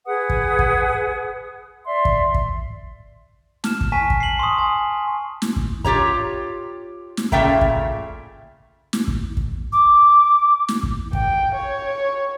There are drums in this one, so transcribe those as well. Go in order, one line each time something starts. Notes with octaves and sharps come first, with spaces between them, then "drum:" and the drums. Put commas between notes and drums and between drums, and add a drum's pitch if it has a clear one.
G#4 B4 F#5 D#6
drum: kick
drum: kick
D5 E5 C6
drum: kick
drum: kick
A5 F6 E7, drum: snare
drum: kick
G#5 A5 C#6 B6
drum: kick
C7 F#7
C6 C#6 D#6
G#5
drum: snare
drum: kick
F4 G4 C#5 A#5, drum: kick
drum: snare
A#2 C#3 A3 E5 G5 A#5, drum: kick
drum: kick
drum: snare
drum: kick
drum: kick
D6
drum: snare
drum: kick
G5, drum: kick
C#5